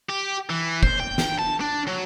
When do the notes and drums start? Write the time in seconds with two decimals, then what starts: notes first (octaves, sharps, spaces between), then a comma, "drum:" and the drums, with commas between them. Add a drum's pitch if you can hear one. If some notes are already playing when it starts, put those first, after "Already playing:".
0.10 G4
0.50 E3
0.83 C5, drum: kick
1.00 G5
1.18 drum: snare
1.39 A5
1.61 D4
1.88 F#3